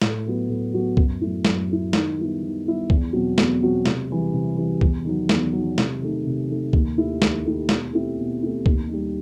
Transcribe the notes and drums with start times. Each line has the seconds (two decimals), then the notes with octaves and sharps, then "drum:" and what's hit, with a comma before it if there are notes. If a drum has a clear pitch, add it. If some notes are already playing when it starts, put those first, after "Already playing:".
0.02 A2, drum: snare
0.25 F#3 B3 F#4
0.49 A2
0.73 F#3 B3 F#4
0.97 F#2, drum: kick C2
1.21 F#3 A3 E4
1.45 F#2, drum: snare
1.69 F#3 A3 E4
1.93 D#3, drum: snare
2.17 G3 B3 E4
2.42 D#3
2.65 G3 B3 E4
2.90 E2, drum: kick C2
3.13 B2 F#3 C4 F#4
3.38 E2, drum: snare
3.61 B2 F#3 C4 F#4
3.86 C3, drum: snare
4.10 E3 G3
4.33 C3
4.57 E3 G3
4.81 E2, drum: kick C2
5.05 D#3 F#3
5.29 E2, drum: snare
5.53 D#3 F#3
5.78 C3, drum: snare
6.02 D#3 A3
6.26 C3
6.49 D#3 A3
6.73 D#2, drum: kick C2
6.98 D#3 A3 E4 G4
7.22 D#2, drum: snare
7.45 D#3 A3 E4 G4
7.69 B2, drum: snare
7.93 A3 C4 E4 G4
8.18 B2
8.42 A3 C4 E4 G4
8.66 D#2, drum: kick C2
8.89 D#3 G3